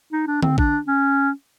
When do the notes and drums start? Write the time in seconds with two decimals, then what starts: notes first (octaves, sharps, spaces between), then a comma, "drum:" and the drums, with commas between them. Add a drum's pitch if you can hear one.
0.12 D#4
0.27 D4
0.43 C4, drum: tom D3
0.58 D4, drum: kick A1
0.88 C#4